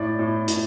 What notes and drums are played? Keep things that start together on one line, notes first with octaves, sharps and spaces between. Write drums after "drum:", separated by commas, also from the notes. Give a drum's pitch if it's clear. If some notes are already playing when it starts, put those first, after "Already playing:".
Already playing: A2 D5
A2
A2, drum: hi-hat